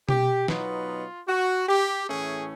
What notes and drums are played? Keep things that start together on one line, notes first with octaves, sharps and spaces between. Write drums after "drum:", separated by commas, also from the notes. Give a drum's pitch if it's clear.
G4, drum: tom B2
B2 F#3 B3 D#4 F4, drum: snare
F#4
G4
A2 E3 A3 C#4 G#4